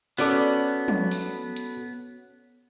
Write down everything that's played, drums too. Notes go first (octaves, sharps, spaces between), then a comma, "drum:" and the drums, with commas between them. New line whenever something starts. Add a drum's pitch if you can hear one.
B3 C#4 F#4 A4 D5, drum: tambourine
drum: tom F3
drum: open hi-hat
drum: hi-hat